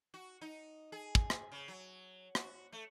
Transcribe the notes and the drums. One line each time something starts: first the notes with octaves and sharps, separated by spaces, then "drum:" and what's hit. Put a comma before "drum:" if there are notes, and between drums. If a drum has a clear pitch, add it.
F#4
D#4
G#4
drum: kick
drum: rim click
C#3
F#3
F#4, drum: rim click
A3